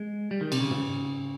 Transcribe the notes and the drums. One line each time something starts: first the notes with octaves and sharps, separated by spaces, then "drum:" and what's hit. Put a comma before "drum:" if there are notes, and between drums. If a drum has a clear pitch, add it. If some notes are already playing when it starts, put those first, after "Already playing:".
Already playing: G#3
G3
D#3
C3, drum: cymbal
C#3
drum: tom